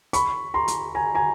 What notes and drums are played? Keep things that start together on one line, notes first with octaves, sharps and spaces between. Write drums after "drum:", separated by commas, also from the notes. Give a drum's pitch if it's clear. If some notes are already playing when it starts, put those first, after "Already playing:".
B5 C#6, drum: hi-hat
A#5 C6
drum: hi-hat
G#5 A#5
G#5 A#5